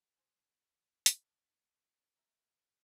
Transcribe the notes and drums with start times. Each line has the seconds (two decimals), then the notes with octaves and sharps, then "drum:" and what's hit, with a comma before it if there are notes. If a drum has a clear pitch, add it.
0.15 D4 G4 G#4 C5
1.06 drum: hi-hat
1.25 D4
2.16 B2 A#4 E5